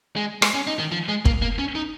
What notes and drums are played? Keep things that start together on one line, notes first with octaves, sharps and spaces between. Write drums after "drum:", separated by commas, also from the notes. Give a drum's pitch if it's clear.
G#3
G#3, drum: rim click
C#4
D#4
D#3
F3
G#3
A#3, drum: kick
A#3
C#4
D#4